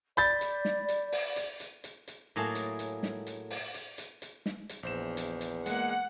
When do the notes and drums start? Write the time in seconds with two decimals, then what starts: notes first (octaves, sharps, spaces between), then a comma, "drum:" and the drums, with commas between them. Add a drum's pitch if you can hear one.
0.17 D5 B5 G6 A6, drum: hi-hat
0.41 drum: hi-hat
0.65 drum: snare
0.89 drum: hi-hat
1.12 drum: open hi-hat
1.36 drum: hi-hat
1.60 drum: hi-hat
1.84 drum: hi-hat
2.08 drum: hi-hat
2.36 A2 F#3 A#3 G#4 A5
2.55 drum: hi-hat
2.79 drum: hi-hat
3.03 drum: snare
3.27 drum: hi-hat
3.50 drum: open hi-hat
3.74 drum: hi-hat
3.98 drum: hi-hat
4.22 drum: hi-hat
4.46 drum: snare
4.69 drum: hi-hat
4.83 A#1 E2 C5 E7
5.17 drum: hi-hat
5.41 drum: hi-hat
5.66 G#3 A#3 F#5, drum: hi-hat